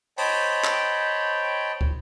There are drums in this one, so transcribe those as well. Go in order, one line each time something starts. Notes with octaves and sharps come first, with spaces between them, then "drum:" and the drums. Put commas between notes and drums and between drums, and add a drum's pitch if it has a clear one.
C5 C#5 D#5 G5 A5 B5, drum: open hi-hat
drum: clap
drum: kick